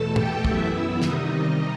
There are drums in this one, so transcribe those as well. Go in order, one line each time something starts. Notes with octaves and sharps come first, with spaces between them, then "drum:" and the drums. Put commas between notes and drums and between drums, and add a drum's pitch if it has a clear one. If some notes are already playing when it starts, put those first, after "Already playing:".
Already playing: E2 B2 A3 A4 A5
G4 G5, drum: tom
F#2 E3 B3 E4 E5, drum: kick
C3 D#3 G3 D#4 D#5, drum: snare